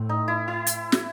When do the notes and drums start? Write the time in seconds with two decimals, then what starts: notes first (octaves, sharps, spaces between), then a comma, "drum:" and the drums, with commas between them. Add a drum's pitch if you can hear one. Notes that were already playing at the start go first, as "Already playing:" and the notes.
Already playing: A2 C4
0.09 D#4
0.28 E4
0.48 E4
0.67 drum: hi-hat
0.92 drum: snare